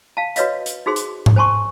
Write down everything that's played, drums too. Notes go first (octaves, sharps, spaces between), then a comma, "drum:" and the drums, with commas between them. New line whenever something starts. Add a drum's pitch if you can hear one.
F5 A5
F#4 B4 C#5 D#5 F5, drum: hi-hat
drum: hi-hat
D#4 F#4 G#4 C5 C6
drum: hi-hat
drum: tom G#2
C5 G#5 A5 C6 C#6